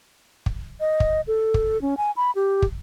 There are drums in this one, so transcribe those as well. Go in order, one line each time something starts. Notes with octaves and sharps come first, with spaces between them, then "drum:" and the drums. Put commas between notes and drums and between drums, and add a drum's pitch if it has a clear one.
drum: kick
D#5
drum: kick
A4
drum: kick
C#4
G#5
B5
G4
drum: kick